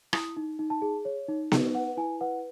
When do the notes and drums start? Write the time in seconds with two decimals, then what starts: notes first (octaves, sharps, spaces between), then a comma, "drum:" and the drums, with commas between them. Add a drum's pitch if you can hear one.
0.13 E4 D#6, drum: rim click
0.37 D#4
0.59 D#4
0.70 A5
0.82 G#4
1.05 C#5
1.28 D#4
1.52 D#4, drum: snare B3
1.75 B4 F#5
1.97 E4 G#5
2.21 B4 F#5